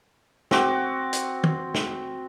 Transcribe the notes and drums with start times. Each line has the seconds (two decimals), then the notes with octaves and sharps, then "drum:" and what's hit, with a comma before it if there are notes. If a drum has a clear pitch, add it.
0.51 C4 F#4 D6, drum: snare
1.13 drum: hi-hat
1.44 drum: tom
1.74 drum: snare